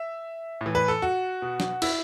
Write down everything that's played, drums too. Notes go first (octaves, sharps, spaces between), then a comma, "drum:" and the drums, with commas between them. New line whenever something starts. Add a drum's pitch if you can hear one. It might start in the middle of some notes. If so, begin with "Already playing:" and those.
Already playing: E5
A2
E3
B4
A4
F#4
B2
drum: snare
E4, drum: cymbal